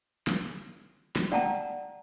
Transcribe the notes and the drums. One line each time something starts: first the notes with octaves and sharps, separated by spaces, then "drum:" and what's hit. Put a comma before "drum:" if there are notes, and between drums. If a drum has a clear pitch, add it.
drum: snare
drum: snare
D5 F#5 G5 A5 A#5, drum: tom